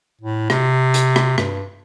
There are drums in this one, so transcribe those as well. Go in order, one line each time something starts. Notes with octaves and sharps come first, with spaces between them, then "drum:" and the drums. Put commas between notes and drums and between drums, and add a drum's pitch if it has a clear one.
A2
C3, drum: rim click
drum: hi-hat
drum: rim click
G2, drum: rim click